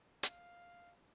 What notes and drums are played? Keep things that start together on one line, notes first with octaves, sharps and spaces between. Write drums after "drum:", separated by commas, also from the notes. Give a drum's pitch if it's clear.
F5, drum: hi-hat